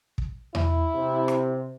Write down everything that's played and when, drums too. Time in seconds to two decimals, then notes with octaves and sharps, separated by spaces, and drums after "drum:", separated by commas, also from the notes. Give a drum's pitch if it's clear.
0.18 drum: kick
0.55 E4, drum: tom E2
0.95 C3
1.28 drum: rim click